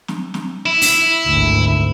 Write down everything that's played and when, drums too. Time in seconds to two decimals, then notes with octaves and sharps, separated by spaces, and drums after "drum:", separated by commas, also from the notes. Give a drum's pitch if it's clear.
0.08 drum: snare
0.34 drum: snare
0.66 E4
0.81 drum: open hi-hat
1.27 G#1 D2